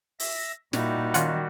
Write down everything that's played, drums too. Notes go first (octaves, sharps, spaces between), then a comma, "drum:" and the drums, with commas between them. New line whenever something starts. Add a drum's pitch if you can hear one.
E5 A#6, drum: open hi-hat
A#2 G3 D#4 E4 F#4, drum: snare
D#3 C#4 F4 F#5, drum: hi-hat